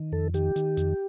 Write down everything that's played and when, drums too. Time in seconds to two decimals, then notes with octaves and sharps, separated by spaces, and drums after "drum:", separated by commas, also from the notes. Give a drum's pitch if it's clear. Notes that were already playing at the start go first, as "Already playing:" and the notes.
Already playing: D#3
0.12 F2 A4
0.34 D#3 G4, drum: hi-hat
0.56 D#3, drum: hi-hat
0.77 F2, drum: hi-hat